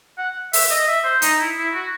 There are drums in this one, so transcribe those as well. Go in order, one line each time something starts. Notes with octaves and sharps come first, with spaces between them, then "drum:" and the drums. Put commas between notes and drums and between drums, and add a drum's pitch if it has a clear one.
F#5
E5, drum: open hi-hat
D#5
E5
C5
D#4, drum: hi-hat
E4
E4
F#4